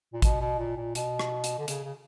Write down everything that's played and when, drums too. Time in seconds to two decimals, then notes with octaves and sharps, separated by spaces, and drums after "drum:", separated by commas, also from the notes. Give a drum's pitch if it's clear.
0.13 A#2
0.22 B2, drum: kick A1, hi-hat
0.41 B2
0.58 A#2
0.77 A#2
0.95 B2, drum: hi-hat
1.19 drum: rim click
1.44 drum: hi-hat
1.59 D3
1.68 C#3, drum: hi-hat
1.84 C#3